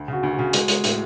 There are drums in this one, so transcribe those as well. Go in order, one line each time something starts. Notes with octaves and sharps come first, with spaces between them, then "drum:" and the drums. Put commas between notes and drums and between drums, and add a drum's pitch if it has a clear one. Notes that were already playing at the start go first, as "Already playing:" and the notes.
Already playing: D2
C#3 F#4
D2
F#4
C#3
G#3, drum: hi-hat
G#3, drum: hi-hat
A2, drum: hi-hat